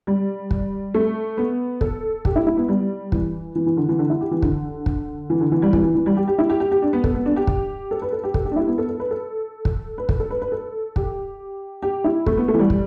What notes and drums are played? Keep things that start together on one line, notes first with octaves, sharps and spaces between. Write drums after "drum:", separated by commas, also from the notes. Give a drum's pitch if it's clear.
G3
drum: kick
A3
B3
A4, drum: kick
G4, drum: kick
E4
E4
B3
G3
E3, drum: kick
E3
E3
D3
E3
D3
E4
G4
E3
D3, drum: kick
drum: kick
E3
D3
E3
G3
E3, drum: kick
E3
E3
G3
G4
G4
E4
G4
G4
G4
D4
B3
A4, drum: kick
B3
D4
G4
drum: kick
A4
B4
A4
G4
A4, drum: kick
G4
D4
E4
B3
A4
A4
B4
A4
drum: kick
B4
A4, drum: kick
A4
B4
B4
A4
G4, drum: kick
G4
E4
A3, drum: kick
B3
A3
E3
G3
drum: kick